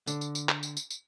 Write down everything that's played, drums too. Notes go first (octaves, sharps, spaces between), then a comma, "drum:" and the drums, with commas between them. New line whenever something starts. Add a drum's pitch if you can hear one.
D3, drum: tambourine
drum: tambourine
drum: tambourine
drum: clap
drum: tambourine
drum: tambourine
drum: tambourine